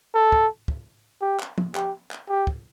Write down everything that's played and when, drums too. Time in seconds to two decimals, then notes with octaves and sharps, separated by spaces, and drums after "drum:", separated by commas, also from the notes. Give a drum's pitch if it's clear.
0.14 A4
0.32 drum: kick
0.68 drum: kick
1.22 G4
1.40 drum: clap
1.58 drum: tom
1.75 G4, drum: clap
2.11 drum: clap
2.29 G4
2.47 drum: kick